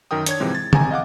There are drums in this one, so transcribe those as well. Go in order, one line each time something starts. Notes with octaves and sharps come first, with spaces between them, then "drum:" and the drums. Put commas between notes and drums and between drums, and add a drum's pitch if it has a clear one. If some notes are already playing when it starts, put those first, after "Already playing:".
F#2 D#3 A#4 G5 D#6
D4 C#5 G#6, drum: hi-hat
G#2 C3 E3 F3 G#3 C4
A6
G#1 C3 C4 G#5 A#5, drum: tom
D#5 F5 F#5 D6